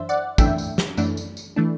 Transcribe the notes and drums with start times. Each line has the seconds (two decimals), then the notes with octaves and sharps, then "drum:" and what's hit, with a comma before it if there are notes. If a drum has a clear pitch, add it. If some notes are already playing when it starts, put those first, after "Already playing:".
Already playing: F#2 E3 D4 C5 E5
0.09 D5 F#5
0.38 F#2 E3 A3 D4 E5 G5, drum: kick, tambourine
0.58 drum: tambourine
0.78 drum: snare
0.97 F#2 E3 A3 D4, drum: tambourine
1.17 drum: tambourine
1.37 drum: tambourine
1.56 E3 A3 D4